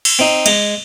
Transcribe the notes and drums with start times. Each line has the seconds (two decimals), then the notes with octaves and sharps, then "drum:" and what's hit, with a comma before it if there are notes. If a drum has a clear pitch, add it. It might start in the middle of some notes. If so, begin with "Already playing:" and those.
0.05 drum: cymbal
0.19 C4 D#4
0.46 G#3, drum: cymbal